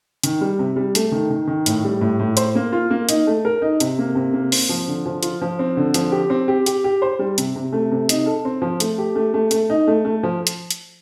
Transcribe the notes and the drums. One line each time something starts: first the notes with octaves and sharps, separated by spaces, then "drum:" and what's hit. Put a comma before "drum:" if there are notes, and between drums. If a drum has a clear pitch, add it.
D#3, drum: hi-hat
G3
C3
G3
A3, drum: hi-hat
D#3
D#3
D#3
A2, drum: hi-hat
G3
A2
A2
C5, drum: hi-hat
A#3
F4
A#3
D#4, drum: hi-hat
A3
A#4
D#4
C3, drum: hi-hat
A#3
C3
A#3
C4, drum: open hi-hat
F3
D3
F3
F4, drum: hi-hat
F3
C4
D3
F3, drum: hi-hat
G4
C4
G4
G4, drum: hi-hat
G4
C5
G3
C3, drum: hi-hat
C3
A3
C3
D#4, drum: hi-hat
A4
C4
F3
A3, drum: hi-hat
G4
A3
A3
A3, drum: hi-hat
D#4
A3
A3
F3
drum: hi-hat
drum: hi-hat